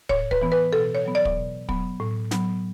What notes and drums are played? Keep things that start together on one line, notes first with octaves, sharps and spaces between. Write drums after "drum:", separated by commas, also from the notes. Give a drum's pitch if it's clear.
A2 C#5, drum: kick
B4, drum: kick
E3 B3
B4
B2 A4
C#5
F#3 B3
D5
drum: kick
B2
F#3 B3, drum: kick
A2
F#3 B3, drum: snare